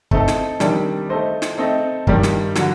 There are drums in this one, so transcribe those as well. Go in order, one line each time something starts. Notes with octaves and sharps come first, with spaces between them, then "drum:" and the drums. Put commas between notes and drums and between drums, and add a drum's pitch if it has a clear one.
A3 C4 D#4 A4, drum: kick
drum: snare
C3 D#3 G3 D4, drum: snare
A3 D#4 A4 C5 D#5
drum: snare
A3 C4 D#4 A4 D#5
G2 D#3 G3, drum: kick
drum: snare
D3 F#3, drum: snare